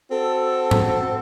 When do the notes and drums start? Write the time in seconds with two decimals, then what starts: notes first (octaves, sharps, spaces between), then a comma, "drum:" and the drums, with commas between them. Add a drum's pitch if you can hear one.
0.11 C4 F#4 A4
0.71 drum: tom G#2